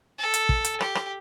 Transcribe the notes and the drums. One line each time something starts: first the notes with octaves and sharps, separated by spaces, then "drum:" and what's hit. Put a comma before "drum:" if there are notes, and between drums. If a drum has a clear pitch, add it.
A4
drum: hi-hat
drum: kick
drum: hi-hat
G4, drum: rim click
drum: rim click